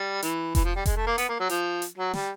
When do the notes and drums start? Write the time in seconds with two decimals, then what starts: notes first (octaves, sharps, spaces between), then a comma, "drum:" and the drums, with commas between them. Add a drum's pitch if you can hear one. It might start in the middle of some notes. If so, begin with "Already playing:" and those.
Already playing: G3
0.22 E3, drum: hi-hat
0.55 E3, drum: kick F1, hi-hat
0.64 F3
0.76 G3
0.86 G#3, drum: kick F1, hi-hat
0.97 A3
1.07 A#3
1.18 B3, drum: hi-hat
1.29 A#3
1.40 F#3
1.50 F3, drum: hi-hat
1.82 drum: hi-hat
1.98 F#3
2.13 G3, drum: snare